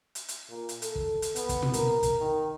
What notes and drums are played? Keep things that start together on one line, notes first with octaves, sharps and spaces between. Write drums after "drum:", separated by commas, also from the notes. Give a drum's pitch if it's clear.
drum: hi-hat
drum: hi-hat
A#2
drum: hi-hat
A4, drum: hi-hat
drum: kick
drum: hi-hat
B3, drum: hi-hat
drum: kick, hi-hat
drum: tom
A#4, drum: hi-hat
drum: kick, hi-hat
D#3